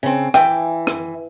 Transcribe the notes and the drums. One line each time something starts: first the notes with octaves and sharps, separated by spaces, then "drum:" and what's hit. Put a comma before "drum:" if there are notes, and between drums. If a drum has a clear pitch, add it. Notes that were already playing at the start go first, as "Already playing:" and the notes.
C#3 C4
E3 G5, drum: rim click
drum: rim click